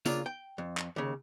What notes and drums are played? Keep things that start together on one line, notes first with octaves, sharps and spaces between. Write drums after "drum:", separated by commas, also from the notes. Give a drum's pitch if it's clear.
C#3 A#3 D4 F4, drum: tambourine
G5
F2
drum: clap
D#2 C#3